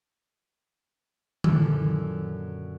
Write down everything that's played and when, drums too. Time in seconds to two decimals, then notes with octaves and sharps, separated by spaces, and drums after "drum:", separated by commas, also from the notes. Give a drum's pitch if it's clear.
1.44 F#2 A#2 D3 E6, drum: tom D#3